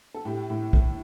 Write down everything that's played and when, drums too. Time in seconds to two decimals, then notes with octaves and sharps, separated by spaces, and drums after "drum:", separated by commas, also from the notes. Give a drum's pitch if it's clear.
0.14 A4
0.25 A2 G4
0.50 A2
0.73 A3, drum: kick